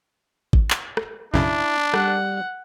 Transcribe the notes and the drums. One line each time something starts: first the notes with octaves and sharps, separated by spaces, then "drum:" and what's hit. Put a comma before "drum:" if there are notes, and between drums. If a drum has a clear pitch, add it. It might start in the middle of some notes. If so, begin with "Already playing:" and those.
drum: kick
drum: clap
drum: rim click
B1 F#2 C#3 D4 E4
G3 F#5, drum: rim click